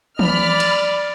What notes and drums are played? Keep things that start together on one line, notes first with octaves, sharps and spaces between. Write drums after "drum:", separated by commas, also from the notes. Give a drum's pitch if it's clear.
D5 B5 F6, drum: tom E3
drum: cymbal